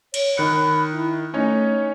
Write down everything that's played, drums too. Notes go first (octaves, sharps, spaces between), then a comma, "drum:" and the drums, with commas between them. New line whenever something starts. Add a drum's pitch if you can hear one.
C#5, drum: cymbal
D#3 B5 F#6 C#7
E4
A3 C#4 D#4 C#5